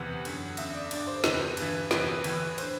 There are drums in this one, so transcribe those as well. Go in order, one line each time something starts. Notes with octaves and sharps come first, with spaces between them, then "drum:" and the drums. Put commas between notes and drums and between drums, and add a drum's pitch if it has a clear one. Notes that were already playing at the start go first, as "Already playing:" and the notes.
Already playing: E2 C3 E3 F#5
F#2 D3, drum: cymbal
E2 D3 E5, drum: cymbal
D5
G2 D3 D5, drum: cymbal
C5
E2 C3 E3 B4, drum: snare
G2 E3, drum: cymbal
E2 C3 E3 B4, drum: snare
A2 E3, drum: cymbal
D3 C5, drum: cymbal